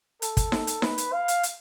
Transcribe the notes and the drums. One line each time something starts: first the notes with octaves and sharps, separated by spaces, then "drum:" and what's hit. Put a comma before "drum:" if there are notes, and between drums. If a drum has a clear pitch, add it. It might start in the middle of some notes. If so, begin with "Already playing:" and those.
A4, drum: hi-hat
drum: kick, hi-hat
drum: snare D#4
drum: hi-hat
B4, drum: snare D#4
drum: hi-hat
F5
drum: hi-hat
drum: hi-hat